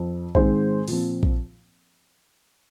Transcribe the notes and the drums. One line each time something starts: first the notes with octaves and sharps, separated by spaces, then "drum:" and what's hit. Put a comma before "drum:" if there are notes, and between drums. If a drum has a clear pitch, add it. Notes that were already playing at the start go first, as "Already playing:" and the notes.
Already playing: F2
G#2 D#3 G#3 C4 G#4 C5, drum: kick A#1
A#2 F3 C4, drum: open hi-hat
drum: kick A#1